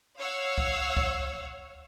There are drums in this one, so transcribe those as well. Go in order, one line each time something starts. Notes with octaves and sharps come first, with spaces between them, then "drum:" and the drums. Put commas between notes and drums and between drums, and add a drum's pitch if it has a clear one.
C#5 F5 F#5 E6
drum: kick
drum: kick